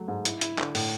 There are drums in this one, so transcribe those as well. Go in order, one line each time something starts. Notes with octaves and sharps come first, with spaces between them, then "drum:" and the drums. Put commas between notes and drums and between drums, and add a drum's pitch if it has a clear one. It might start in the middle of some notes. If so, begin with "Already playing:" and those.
Already playing: F#3 A3
G#2
E4, drum: hi-hat
E4, drum: hi-hat
D3, drum: clap
A2, drum: open hi-hat